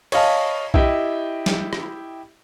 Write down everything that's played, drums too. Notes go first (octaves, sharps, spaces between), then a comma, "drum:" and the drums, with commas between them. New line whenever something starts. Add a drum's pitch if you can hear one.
C#5 D#5 F5 A5, drum: cymbal
E4 G4 D#5 G5, drum: kick B1
drum: snare
drum: rim click